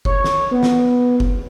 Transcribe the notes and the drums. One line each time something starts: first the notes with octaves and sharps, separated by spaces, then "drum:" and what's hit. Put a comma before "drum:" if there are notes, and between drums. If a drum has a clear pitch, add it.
C#5, drum: kick F1
drum: snare
B3
drum: snare
drum: kick F1